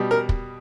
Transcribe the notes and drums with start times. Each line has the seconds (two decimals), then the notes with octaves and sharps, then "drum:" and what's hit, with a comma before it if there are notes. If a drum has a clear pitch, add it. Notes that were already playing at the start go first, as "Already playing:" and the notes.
Already playing: B2 G3
0.11 A#4
0.29 drum: kick